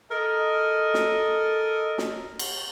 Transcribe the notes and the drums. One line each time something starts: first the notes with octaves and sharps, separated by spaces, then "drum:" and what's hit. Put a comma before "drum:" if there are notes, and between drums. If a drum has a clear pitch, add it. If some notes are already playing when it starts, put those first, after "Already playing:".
A4 A#4 D#5
drum: snare
drum: snare
drum: cymbal